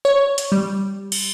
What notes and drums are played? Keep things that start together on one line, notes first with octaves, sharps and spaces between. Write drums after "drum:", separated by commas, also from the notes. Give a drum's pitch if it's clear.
C#5
drum: hi-hat
G3
drum: cymbal